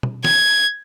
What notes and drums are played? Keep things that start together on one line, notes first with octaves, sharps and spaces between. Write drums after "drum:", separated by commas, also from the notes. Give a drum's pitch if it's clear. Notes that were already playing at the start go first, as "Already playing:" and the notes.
drum: tom
G#6, drum: snare